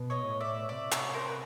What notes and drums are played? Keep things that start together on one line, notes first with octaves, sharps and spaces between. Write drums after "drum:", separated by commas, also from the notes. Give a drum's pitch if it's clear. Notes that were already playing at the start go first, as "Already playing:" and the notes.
Already playing: B2
C#5 D#5
A2
D5 E5
C3 D5 E5
C#5 D#5, drum: clap
A#4 C5
B4